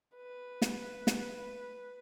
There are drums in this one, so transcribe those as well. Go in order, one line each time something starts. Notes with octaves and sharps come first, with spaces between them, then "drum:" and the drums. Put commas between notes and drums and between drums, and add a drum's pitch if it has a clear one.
B4
drum: snare
drum: snare